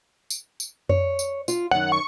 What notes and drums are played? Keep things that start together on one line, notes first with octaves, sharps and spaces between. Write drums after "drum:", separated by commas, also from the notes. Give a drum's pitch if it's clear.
drum: tambourine
drum: tambourine
C#5, drum: tom F2
drum: tambourine
F4, drum: tambourine
F#2 D#3 F#5
C#6